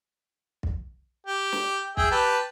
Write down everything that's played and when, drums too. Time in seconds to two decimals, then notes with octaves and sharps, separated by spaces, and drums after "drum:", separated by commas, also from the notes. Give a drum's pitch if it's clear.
0.63 drum: kick
1.27 G4
1.52 drum: snare
1.97 G#4 E5 G5, drum: kick
2.11 G4 B4 A5